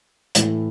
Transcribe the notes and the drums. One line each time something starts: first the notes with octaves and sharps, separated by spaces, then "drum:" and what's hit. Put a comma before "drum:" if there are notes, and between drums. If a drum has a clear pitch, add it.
A2 E3 A3, drum: hi-hat